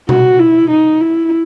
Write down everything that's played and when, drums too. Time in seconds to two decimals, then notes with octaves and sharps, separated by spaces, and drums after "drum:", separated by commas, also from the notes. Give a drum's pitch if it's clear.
0.09 F#4, drum: tom B2
0.40 E4
0.70 D#4
1.01 E4